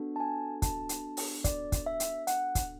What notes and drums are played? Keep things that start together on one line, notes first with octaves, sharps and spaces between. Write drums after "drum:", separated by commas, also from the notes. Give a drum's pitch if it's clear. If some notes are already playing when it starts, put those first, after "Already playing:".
Already playing: B3 D4 F#4 A4
A5
G#5
A5, drum: kick, hi-hat
drum: hi-hat
drum: open hi-hat
D5, drum: kick, hi-hat
drum: kick, hi-hat
E5
drum: hi-hat
F#5, drum: hi-hat
drum: kick, hi-hat